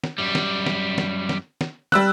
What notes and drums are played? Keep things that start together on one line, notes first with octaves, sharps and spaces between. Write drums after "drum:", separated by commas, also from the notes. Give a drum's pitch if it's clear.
drum: snare
F#2 G3
drum: snare
drum: snare
drum: snare
drum: snare
drum: snare
G3 E6 F#6, drum: snare